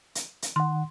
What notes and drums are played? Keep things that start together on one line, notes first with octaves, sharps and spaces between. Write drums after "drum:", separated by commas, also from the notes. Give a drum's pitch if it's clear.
drum: hi-hat
drum: hi-hat
D#3 F#5 C6